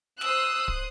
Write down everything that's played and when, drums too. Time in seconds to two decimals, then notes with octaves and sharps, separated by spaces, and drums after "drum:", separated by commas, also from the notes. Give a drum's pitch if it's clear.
0.21 C5 D#6 E6 F#6, drum: snare
0.68 drum: kick